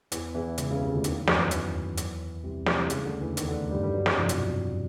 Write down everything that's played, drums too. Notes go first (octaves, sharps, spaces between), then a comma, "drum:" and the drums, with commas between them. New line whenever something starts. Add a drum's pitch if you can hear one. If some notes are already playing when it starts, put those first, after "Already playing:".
E2 E3, drum: hi-hat
E2 E3
C#2 C#3, drum: hi-hat
C#2 C#3
C2 C3
D2 D3
D#2 D#3, drum: hi-hat
E2 E3
F#2 F#3, drum: snare
E2 E3
drum: hi-hat
drum: hi-hat
C2 C3
C2 C3, drum: snare
C#2 C#3, drum: hi-hat
D2 D3
E2 E3
D#2 D#3, drum: hi-hat
D2 D3
G2 G3
G2 G3
F#2 F#3
F2 F3, drum: snare
C2 C3
B2, drum: hi-hat